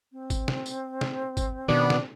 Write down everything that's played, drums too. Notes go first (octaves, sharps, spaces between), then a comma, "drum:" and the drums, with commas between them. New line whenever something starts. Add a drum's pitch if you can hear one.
C4
drum: kick G#1, tambourine
drum: snare
drum: tambourine
drum: snare
drum: kick G#1, tambourine
B2 D#3 B3 D4
drum: snare